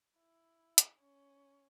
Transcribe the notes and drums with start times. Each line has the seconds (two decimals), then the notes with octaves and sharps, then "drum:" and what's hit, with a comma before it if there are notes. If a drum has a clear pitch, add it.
0.19 E4
0.78 drum: hi-hat
0.99 C#4